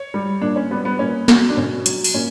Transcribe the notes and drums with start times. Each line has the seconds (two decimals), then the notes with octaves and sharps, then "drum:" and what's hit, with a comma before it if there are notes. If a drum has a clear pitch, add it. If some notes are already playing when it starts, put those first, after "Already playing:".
Already playing: C#5
0.14 G3
0.42 A#2 D4
0.56 C#4
0.71 G3 B3
0.85 B3
0.99 A#2 C#4
1.28 F#3, drum: snare
1.49 D4
1.57 B2 C#4
1.86 F#3, drum: hi-hat
2.04 drum: open hi-hat
2.14 A#2 C#4